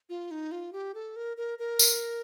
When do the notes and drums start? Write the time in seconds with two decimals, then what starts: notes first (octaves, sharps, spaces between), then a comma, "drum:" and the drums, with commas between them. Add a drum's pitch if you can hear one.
0.09 F4
0.31 D#4
0.52 F4
0.73 G4
0.95 A4
1.16 A#4
1.37 A#4
1.59 A#4
1.79 drum: tambourine